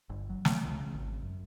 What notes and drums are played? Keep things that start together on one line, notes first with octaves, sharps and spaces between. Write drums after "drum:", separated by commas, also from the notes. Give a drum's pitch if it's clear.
G1
F#3
A3, drum: snare
C#2
C#3
G#1
F#2